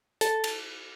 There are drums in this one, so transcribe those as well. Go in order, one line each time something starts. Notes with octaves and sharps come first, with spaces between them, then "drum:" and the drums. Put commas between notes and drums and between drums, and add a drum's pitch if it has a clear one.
A4, drum: hi-hat
drum: cymbal